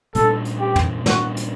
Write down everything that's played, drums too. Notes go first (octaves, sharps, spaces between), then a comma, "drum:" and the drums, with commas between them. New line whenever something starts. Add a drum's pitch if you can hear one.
A#2 G3 A#3 D4 A4, drum: hi-hat
drum: hi-hat
G4
drum: tom
A#2 G3 A#3 D4 F#4, drum: snare
drum: hi-hat